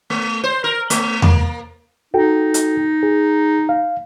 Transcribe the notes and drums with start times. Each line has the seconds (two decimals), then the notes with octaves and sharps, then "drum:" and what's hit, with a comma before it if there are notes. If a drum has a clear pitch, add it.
0.10 A3
0.44 C5
0.64 A#4
0.90 A3, drum: hi-hat
1.22 A#3, drum: tom E2
2.14 D#4 F#4 A4 G5
2.54 drum: hi-hat
3.03 G#4
3.69 F5